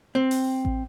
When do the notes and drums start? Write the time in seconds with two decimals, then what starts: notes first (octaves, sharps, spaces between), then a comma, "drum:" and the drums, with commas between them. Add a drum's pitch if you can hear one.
0.15 C4
0.31 drum: open hi-hat
0.65 drum: kick A1